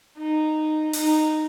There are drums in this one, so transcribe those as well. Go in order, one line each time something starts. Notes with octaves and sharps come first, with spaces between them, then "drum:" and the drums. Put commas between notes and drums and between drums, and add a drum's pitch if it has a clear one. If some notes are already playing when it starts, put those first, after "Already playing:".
D#4
D#4, drum: open hi-hat